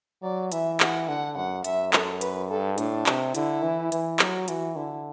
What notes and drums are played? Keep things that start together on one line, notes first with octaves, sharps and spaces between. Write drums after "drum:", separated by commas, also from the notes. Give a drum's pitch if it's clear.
F#3 D5
E3 E5, drum: hi-hat
F#5, drum: clap
D3 F#5
F#2 F#5
F#2 E5, drum: hi-hat
A4, drum: clap
B4, drum: hi-hat
G2 A4
A2 D4, drum: hi-hat
C3, drum: clap
D3 E4, drum: hi-hat
E3
E3, drum: hi-hat
F#3 F#4, drum: clap
E3 F#4, drum: hi-hat
D3 E4